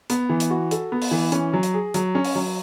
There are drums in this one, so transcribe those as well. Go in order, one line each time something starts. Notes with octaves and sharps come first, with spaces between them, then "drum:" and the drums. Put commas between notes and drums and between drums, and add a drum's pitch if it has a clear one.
B3, drum: hi-hat
E3
drum: hi-hat
F#4
A4, drum: hi-hat
B3
drum: open hi-hat
E3
C#4, drum: hi-hat
F#3
drum: hi-hat
G#4
F#3, drum: hi-hat
C#4
drum: open hi-hat
F#3